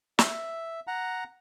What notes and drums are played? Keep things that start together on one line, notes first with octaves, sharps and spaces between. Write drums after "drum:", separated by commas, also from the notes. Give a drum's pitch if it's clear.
E5, drum: snare
F#5 A#5